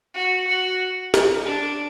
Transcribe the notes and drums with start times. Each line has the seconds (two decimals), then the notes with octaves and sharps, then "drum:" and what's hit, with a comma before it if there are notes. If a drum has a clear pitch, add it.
0.14 F#4
0.47 F#4
1.14 drum: snare
1.44 D4